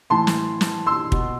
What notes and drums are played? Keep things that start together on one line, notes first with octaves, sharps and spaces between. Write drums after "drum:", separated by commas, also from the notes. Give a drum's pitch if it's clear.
A2 E3 A5 C6
drum: snare
drum: snare
C6 E6
B2, drum: kick